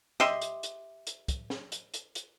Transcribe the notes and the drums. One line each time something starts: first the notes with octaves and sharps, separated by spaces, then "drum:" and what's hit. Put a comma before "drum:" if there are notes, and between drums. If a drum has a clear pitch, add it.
G4 D#5 E5 C6, drum: snare
drum: hi-hat
drum: hi-hat
drum: hi-hat
drum: kick, hi-hat
drum: snare
drum: hi-hat
drum: hi-hat
drum: hi-hat